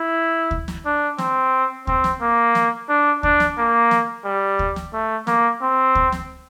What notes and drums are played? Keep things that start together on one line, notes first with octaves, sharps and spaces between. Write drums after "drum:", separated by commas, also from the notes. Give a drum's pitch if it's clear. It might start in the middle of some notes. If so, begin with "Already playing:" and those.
Already playing: E4
drum: kick D2
drum: snare
D4
C4, drum: snare
C4, drum: kick D2
drum: snare
A#3
drum: snare
D4
D4, drum: kick D2
drum: snare
A#3
drum: snare
G3
drum: kick D2
drum: snare
A3
A#3, drum: snare
C4
drum: kick D2
drum: snare